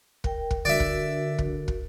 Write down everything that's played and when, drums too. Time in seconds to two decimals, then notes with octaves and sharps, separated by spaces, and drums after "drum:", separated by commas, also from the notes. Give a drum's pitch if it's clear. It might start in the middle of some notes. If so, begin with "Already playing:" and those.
0.24 A#4 G5, drum: kick
0.51 drum: kick
0.65 D3 F#4 A#4 D5 E5
0.80 drum: kick
1.38 drum: kick
1.68 drum: kick